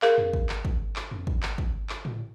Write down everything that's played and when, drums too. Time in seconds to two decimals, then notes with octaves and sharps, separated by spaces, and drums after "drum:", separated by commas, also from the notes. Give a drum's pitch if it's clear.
0.02 G#4 A#4 F5, drum: clap
0.18 drum: tom F2
0.33 drum: kick
0.49 drum: clap
0.65 drum: kick
0.96 drum: clap
1.11 drum: tom F2
1.27 drum: kick
1.43 drum: clap
1.58 drum: kick
1.89 drum: clap
2.05 drum: tom A2